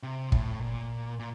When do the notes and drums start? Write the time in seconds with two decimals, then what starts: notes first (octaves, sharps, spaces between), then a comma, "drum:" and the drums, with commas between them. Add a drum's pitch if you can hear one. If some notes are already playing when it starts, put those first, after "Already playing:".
0.03 C3
0.32 A2, drum: kick
0.61 A#2
1.19 A#2